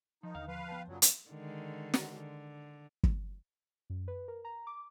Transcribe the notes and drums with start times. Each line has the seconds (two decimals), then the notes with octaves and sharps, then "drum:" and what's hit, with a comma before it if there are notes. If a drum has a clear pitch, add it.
0.23 D#3 F3 D#4
0.35 D#2 D3 F5 F6
0.48 F3 B4 F5
0.68 B3 G5 A5
0.88 F#2 A#2 C#3 F#3
1.02 drum: hi-hat
1.30 D3 D#3 G#3
1.94 drum: snare
2.17 D3
3.03 drum: kick
3.90 F#2
4.08 B4
4.28 A#4
4.45 A#5
4.67 D6